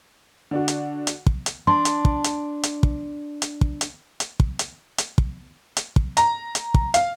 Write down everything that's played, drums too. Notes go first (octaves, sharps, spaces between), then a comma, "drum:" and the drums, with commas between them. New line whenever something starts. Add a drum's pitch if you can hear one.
D3 D4 F#4
drum: hi-hat
drum: hi-hat
drum: kick
drum: hi-hat
D4 C6
drum: hi-hat
drum: kick
drum: hi-hat
drum: hi-hat
drum: kick
drum: hi-hat
drum: kick
drum: hi-hat
drum: hi-hat
drum: kick
drum: hi-hat
drum: hi-hat
drum: kick
drum: hi-hat
drum: kick
A#5, drum: hi-hat
drum: hi-hat
drum: kick
F5, drum: hi-hat